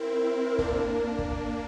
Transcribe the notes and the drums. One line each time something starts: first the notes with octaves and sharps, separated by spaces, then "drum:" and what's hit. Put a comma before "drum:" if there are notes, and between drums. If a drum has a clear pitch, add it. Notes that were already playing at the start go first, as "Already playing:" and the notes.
Already playing: C4 E4 A#4
A#3 D4, drum: kick
drum: kick